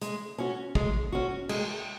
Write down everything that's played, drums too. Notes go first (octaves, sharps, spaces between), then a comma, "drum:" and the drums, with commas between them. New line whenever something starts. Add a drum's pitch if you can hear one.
G#3, drum: hi-hat
C#4 F#4
G#3, drum: kick
C#4 F#4
G#3, drum: cymbal